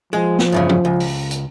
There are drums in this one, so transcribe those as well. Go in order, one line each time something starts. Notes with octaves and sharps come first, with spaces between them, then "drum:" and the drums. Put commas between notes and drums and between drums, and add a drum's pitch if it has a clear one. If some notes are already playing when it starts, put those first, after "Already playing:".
F3 G#3
drum: snare
E2 G2 C#3
drum: tom F3
C#2
drum: open hi-hat
drum: hi-hat